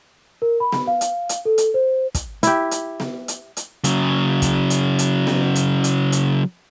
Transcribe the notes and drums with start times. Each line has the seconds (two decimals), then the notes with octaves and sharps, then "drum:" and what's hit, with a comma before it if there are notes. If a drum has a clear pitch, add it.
0.42 A#4
0.60 B5
0.72 drum: snare B3
0.87 F5
1.01 drum: hi-hat
1.29 drum: hi-hat
1.45 A4
1.58 drum: hi-hat
1.74 C5
2.15 drum: kick, hi-hat
2.43 E4 G4, drum: hi-hat
2.71 drum: hi-hat
3.00 drum: snare B3
3.28 drum: hi-hat
3.57 drum: hi-hat
3.84 C#3 F#3, drum: hi-hat
4.42 drum: kick, hi-hat
4.70 drum: hi-hat
4.99 drum: hi-hat
5.27 drum: snare B3
5.55 drum: hi-hat
5.84 drum: hi-hat
6.12 drum: hi-hat